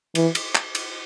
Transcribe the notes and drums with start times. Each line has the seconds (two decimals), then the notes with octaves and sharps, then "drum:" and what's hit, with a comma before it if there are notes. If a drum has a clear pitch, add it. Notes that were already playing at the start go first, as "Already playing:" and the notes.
0.15 E3, drum: cymbal
0.35 drum: cymbal
0.55 drum: clap
0.75 drum: cymbal